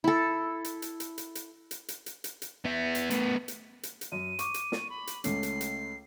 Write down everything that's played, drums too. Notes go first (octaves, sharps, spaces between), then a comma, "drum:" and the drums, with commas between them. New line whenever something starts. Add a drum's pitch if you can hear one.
E4 A4
drum: hi-hat
drum: hi-hat
drum: hi-hat
drum: hi-hat
drum: hi-hat
drum: hi-hat
drum: hi-hat
drum: hi-hat
drum: hi-hat
drum: hi-hat
B3 E5
drum: hi-hat
A3 B3, drum: hi-hat
drum: hi-hat
drum: hi-hat
drum: hi-hat
F#2 D#7
C#6 D6, drum: hi-hat
drum: hi-hat
drum: snare
B5
drum: hi-hat
C#2 A3 C#4 C7, drum: hi-hat
drum: hi-hat
drum: hi-hat